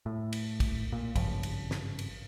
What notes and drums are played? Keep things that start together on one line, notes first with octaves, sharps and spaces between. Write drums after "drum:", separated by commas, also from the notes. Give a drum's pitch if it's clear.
A2
drum: cymbal
drum: kick, cymbal
A#2
G#1 G2 C#3 F3, drum: kick, cymbal
drum: cymbal
drum: snare
drum: cymbal